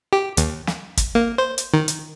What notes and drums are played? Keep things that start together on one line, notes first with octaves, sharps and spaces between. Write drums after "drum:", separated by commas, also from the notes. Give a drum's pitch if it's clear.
G4
D#2, drum: hi-hat
drum: snare
drum: kick, hi-hat
A#3
C5
drum: hi-hat
D#3
drum: hi-hat